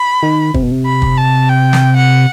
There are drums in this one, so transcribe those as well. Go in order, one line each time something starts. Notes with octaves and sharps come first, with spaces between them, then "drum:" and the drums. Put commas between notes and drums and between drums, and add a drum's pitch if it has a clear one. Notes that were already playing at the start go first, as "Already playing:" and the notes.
Already playing: B5
D#3
C3, drum: kick
B2
C3
B5
drum: kick
A5
G5
drum: snare
F#5